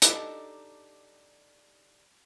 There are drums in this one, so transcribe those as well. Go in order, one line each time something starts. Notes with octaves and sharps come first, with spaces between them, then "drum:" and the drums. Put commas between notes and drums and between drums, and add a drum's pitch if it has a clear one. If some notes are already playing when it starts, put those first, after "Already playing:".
D4 D#4 G4 A4 D#5, drum: hi-hat